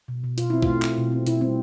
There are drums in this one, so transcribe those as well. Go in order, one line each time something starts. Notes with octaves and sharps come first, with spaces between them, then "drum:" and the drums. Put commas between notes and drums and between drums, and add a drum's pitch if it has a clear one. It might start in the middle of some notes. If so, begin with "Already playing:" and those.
B2
B2
B2 F4, drum: hi-hat
C4 E4
A3 F4, drum: kick
C4, drum: clap
B2
C4
B2 E4, drum: hi-hat
G3 C4